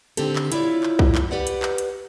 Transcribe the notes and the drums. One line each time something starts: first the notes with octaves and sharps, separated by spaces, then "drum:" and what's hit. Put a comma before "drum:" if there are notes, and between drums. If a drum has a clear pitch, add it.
D3 D#3 C4 G4 A4, drum: hi-hat
drum: clap
E4 F4 C#5 D5, drum: hi-hat
drum: clap
drum: kick B1
drum: clap
G4 B4 D5 F#5
drum: hi-hat
drum: clap
drum: hi-hat